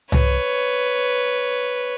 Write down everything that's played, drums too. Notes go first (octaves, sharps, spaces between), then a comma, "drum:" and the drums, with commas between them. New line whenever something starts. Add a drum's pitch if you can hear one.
B4 C#5, drum: tom C2